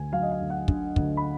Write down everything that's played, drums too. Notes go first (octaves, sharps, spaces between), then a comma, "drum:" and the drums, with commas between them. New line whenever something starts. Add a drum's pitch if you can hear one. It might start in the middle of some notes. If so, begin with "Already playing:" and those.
Already playing: D2 D3 G#5
F#3 F5
D#5
F5
D2
F#5
D3, drum: kick
D2, drum: kick
B5